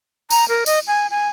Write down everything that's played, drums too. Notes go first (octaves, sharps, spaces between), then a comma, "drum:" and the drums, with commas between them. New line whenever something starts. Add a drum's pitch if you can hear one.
A#5, drum: tambourine
A#4
D#5, drum: tambourine
G#5
G#5